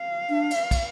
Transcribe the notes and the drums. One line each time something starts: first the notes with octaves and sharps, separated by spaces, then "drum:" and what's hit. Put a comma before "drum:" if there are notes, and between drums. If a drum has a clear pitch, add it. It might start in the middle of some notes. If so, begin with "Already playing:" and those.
Already playing: F5
D4
drum: cymbal
drum: kick, cymbal